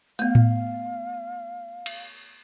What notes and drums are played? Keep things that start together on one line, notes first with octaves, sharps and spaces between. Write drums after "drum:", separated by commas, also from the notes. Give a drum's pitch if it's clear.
A3 B3 F5, drum: hi-hat
drum: tom A2
drum: cymbal